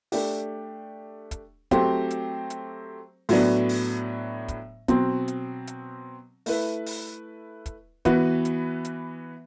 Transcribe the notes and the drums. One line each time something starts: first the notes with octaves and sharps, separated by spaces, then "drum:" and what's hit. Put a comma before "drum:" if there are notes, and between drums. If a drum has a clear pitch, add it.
A3 D4 G4, drum: open hi-hat
drum: kick, hi-hat
F#3 A3 C4 G4 C5, drum: kick, hi-hat
drum: hi-hat
drum: hi-hat
A2 F#3 B3 D4, drum: open hi-hat
drum: open hi-hat
drum: kick, hi-hat
B2 F#3 C4, drum: kick, hi-hat
drum: hi-hat
drum: hi-hat
A3 E4 B4, drum: open hi-hat
drum: open hi-hat
drum: kick, hi-hat
E3 B3 F#4 B4, drum: kick, hi-hat
drum: hi-hat
drum: hi-hat